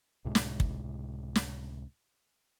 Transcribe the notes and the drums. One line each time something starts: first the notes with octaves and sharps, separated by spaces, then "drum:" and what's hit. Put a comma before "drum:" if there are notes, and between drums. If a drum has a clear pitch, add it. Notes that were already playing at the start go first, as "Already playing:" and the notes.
C#2 A2 C3 G#3
drum: snare
drum: kick
drum: snare